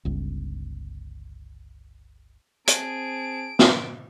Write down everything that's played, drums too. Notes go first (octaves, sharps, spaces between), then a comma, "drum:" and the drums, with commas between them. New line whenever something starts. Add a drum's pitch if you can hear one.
G1 C#2
C4 G#4 A5 D7, drum: hi-hat
drum: snare